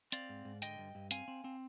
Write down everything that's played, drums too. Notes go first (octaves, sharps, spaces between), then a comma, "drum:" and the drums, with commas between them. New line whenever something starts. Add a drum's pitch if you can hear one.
C4 D5 F5, drum: hi-hat
G#2
G#2
D3 D#5 G5, drum: hi-hat
G2
G2
C4 F5 G#5, drum: hi-hat
C4
C4